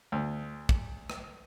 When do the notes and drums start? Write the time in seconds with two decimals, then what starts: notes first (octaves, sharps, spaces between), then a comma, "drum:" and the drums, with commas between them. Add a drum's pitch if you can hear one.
0.12 D2
0.69 drum: kick
1.10 drum: rim click